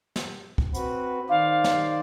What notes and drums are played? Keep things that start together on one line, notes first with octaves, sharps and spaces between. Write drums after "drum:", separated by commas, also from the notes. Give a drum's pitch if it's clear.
drum: snare
drum: kick
C4 F#4 B4, drum: hi-hat
D#3 C5 D5 F5
drum: snare